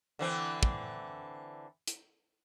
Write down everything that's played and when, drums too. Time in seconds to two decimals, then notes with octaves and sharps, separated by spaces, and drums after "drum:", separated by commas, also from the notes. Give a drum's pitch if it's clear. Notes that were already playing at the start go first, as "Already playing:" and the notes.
0.19 D3 E3 C4
0.63 drum: kick
1.87 drum: hi-hat